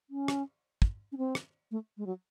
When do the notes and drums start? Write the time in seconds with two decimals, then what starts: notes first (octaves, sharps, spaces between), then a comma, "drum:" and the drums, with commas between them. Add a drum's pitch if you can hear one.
0.10 C#4
0.28 drum: rim click
0.82 drum: kick
1.12 C#4
1.17 C4
1.35 drum: rim click
1.71 A3
1.97 G#3
2.06 F#3